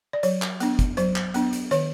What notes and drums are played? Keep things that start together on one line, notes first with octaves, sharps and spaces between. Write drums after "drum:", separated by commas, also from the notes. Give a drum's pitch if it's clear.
D5
F#3 C#5, drum: hi-hat
drum: clap
B3 D4, drum: hi-hat
drum: kick, hi-hat
F#3 C5, drum: hi-hat
drum: clap
B3 D4, drum: hi-hat
drum: hi-hat
D#3 C#5, drum: hi-hat